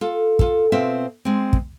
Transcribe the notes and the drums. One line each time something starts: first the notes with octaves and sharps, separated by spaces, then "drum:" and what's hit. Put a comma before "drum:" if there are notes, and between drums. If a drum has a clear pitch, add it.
F4 A4
F4 A4, drum: kick
B2 C4 F4 E5
G#3 C4
drum: kick